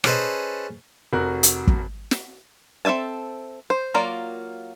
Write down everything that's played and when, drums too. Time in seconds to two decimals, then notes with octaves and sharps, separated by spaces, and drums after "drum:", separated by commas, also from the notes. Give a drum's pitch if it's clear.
0.04 C#4 G#4 A4 B4 C5 D#5, drum: rim click
1.13 F1 F#4 A#4 F#6
1.43 drum: hi-hat
1.67 drum: kick
2.11 drum: snare
2.85 C4 A4 E5 G#5 A5
3.70 C5
3.94 F#3 A#3 F4 A#4 D5